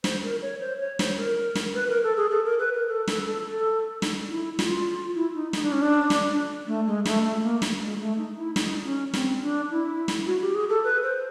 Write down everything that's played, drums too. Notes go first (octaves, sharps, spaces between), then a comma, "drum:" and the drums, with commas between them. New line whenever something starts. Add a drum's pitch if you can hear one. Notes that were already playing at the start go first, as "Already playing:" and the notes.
C5, drum: snare
A#4
C#5
C5
C#5
C5, drum: snare
A#4
drum: snare
B4
A#4
A4
G#4
A4
A#4
B4
A#4
A4
A4, drum: snare
A4
A4
D#4, drum: snare
E4
F#4, drum: snare
F4
E4
D#4
D#4, drum: snare
D4
C#4
D4
drum: snare
D4
A3
G#3
A3, drum: snare
A3
A#3
drum: snare
G#3
A3
D#4
E4
D#4, drum: snare
C#4
C4, drum: snare
D4
E4
drum: snare
F#4
G4
G#4
A4
B4
C5